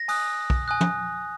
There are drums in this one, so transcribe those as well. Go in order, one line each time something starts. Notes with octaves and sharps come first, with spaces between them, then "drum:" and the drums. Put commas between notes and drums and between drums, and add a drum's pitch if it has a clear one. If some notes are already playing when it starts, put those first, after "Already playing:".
Already playing: A#6
G#5 D#6 F#6, drum: open hi-hat
drum: kick
G#5 D#6 F#6
drum: tom